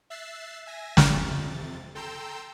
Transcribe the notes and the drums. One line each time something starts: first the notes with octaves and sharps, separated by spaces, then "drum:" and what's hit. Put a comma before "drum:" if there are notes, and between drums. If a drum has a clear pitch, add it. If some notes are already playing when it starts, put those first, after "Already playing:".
E5 E6 F#6 A6 C7
E5 G#5 A#6
drum: snare
F2 C3 A6
A4 G5 A#5 C6 E6 G6